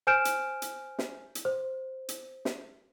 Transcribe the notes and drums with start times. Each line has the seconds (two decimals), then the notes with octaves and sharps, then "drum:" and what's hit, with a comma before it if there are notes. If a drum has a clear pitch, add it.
0.07 C5 G#5 F6 G6 D7 E7
0.25 drum: hi-hat
0.62 drum: hi-hat
0.99 drum: snare
1.35 drum: hi-hat
1.45 C5
2.09 drum: hi-hat
2.45 drum: snare